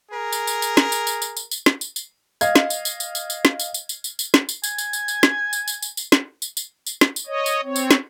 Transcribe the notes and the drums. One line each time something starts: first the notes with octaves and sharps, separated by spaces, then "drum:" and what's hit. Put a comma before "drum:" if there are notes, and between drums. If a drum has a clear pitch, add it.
G#4 A#4
drum: tambourine
drum: tambourine
drum: tambourine
drum: snare
drum: tambourine
drum: tambourine
drum: tambourine
drum: tambourine
drum: tambourine
drum: snare
drum: tambourine
drum: tambourine
D#5 F5 G#6, drum: tambourine
drum: snare
drum: tambourine
drum: tambourine
drum: tambourine
drum: tambourine
drum: tambourine
drum: snare
drum: tambourine
drum: tambourine
drum: tambourine
drum: tambourine
drum: tambourine
drum: snare
drum: tambourine
G#5, drum: tambourine
drum: tambourine
drum: tambourine
drum: tambourine
drum: snare
drum: tambourine
drum: tambourine
drum: tambourine
drum: tambourine
drum: snare
drum: tambourine
drum: tambourine
drum: tambourine
drum: snare
drum: tambourine
C#5 D#5
drum: tambourine
C4 C#5
drum: tambourine
drum: snare